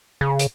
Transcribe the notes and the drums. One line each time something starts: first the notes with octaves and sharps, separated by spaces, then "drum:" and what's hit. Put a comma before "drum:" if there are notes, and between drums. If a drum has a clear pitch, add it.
C#3
drum: hi-hat